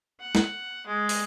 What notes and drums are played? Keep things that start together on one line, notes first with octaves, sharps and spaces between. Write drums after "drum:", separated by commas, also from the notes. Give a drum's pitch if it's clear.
F#5
drum: snare
G#3
drum: open hi-hat